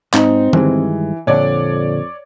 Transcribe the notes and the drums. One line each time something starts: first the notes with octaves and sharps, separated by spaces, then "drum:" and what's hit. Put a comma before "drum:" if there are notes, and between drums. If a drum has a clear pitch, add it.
G#2 C4 D#4, drum: clap
G2 D#3 E3 G#3, drum: tom D3
F2 A#2 D3 D4 C#5 D5